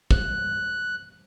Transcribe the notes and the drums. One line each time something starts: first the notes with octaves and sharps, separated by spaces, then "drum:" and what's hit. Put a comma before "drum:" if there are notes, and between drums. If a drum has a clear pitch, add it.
F#6, drum: kick